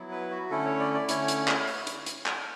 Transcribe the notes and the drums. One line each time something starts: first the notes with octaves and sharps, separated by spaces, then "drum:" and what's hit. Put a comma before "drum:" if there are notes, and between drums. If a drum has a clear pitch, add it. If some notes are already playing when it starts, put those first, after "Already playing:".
Already playing: F#3 B3 E4
B4
F#4
D3 A3 C#4 E4 A4
C#5
D5
D5
D3 A3 C#4 E4 C#5, drum: hi-hat
drum: hi-hat
drum: clap
drum: open hi-hat
drum: hi-hat
drum: hi-hat
drum: clap